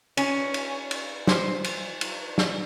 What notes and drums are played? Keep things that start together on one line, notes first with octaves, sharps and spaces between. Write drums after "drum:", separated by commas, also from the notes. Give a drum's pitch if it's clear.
C#4, drum: cymbal
drum: cymbal
drum: cymbal
C5, drum: snare
drum: cymbal
drum: cymbal
drum: snare